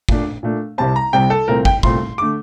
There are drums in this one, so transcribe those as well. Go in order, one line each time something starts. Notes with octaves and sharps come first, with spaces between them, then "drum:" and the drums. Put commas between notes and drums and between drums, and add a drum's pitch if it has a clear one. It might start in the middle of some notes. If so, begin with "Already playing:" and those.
A#2 A3 D4, drum: kick
A#2 A3 D4
C2 C3 G3 C4 A5
A#5
C2 C3 G3 C4 G5
A4
C2 A#2 A3 C4 A#4
G5, drum: kick
C2 A#2 A3 C4 C6, drum: kick
D3 A3 D6